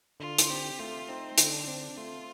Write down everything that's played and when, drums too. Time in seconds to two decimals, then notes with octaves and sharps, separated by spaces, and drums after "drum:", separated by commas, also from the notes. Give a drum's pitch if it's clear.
0.20 D3 F4
0.38 drum: hi-hat
0.50 C4 G4
0.79 A3 F4
1.08 C4 D#4
1.38 D3, drum: hi-hat
1.52 D4
1.67 C4
1.97 A3 F4